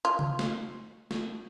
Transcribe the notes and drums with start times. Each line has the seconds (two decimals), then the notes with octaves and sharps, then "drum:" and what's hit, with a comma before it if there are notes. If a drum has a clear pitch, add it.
0.05 F4, drum: hi-hat
0.19 drum: tom C#3
0.39 drum: snare
1.11 drum: snare